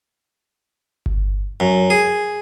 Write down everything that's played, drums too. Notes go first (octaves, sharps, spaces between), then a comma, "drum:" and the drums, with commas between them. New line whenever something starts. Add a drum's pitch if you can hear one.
drum: kick G1
F#2
G#4